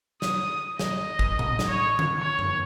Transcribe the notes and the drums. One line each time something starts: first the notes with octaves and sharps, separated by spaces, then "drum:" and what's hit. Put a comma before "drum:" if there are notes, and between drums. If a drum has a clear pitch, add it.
D#6, drum: snare
D#5, drum: snare
drum: kick
drum: tom A2
drum: snare
C#5
drum: tom D3
C#5
drum: tom G2